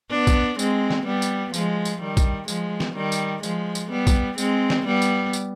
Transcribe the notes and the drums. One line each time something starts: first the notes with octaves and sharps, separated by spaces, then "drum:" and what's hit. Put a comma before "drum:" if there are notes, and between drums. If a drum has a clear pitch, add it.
B3 D4
drum: kick, tambourine
G#3 C4, drum: tambourine
drum: snare
G3 B3
drum: tambourine
F3 G#3, drum: tambourine
drum: tambourine
D#3 G3
drum: kick, tambourine
F3 G#3, drum: tambourine
drum: snare
D#3 G3
drum: tambourine
F3 G#3, drum: tambourine
drum: tambourine
G3 B3
drum: kick, tambourine
G#3 C4, drum: tambourine
drum: snare
G3 B3
drum: tambourine
drum: tambourine